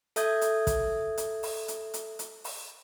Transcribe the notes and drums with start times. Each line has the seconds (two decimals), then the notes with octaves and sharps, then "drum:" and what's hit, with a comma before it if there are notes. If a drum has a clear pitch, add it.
0.16 A4 E5 D#6 G6 G#6, drum: hi-hat
0.41 drum: hi-hat
0.67 drum: kick, hi-hat
1.18 drum: hi-hat
1.43 drum: open hi-hat
1.68 drum: hi-hat
1.94 drum: hi-hat
2.19 drum: hi-hat
2.44 drum: open hi-hat